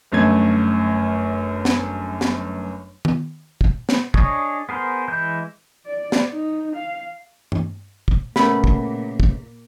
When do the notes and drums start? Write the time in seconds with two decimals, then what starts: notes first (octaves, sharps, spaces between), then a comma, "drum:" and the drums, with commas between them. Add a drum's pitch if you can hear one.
0.12 G1 F#2 A3 G#6
1.65 drum: snare
2.21 drum: snare
3.05 drum: tom D#3
3.61 drum: kick
3.89 drum: snare
4.14 D4 G#4 C#5 D#5, drum: kick
4.69 B3 G#4 A#4 C5
5.08 E3 G#3 E4 G6
5.86 D5
6.12 drum: snare
6.33 D#4
6.76 F5
7.52 drum: tom G2
8.08 drum: kick
8.36 A#2 C#3 A3 B3 A#4 B5, drum: snare
8.64 drum: kick
9.20 drum: kick